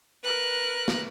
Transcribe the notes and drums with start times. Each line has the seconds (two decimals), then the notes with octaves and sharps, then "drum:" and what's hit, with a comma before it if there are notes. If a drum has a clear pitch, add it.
0.23 A#4 B4 F#6
0.88 drum: snare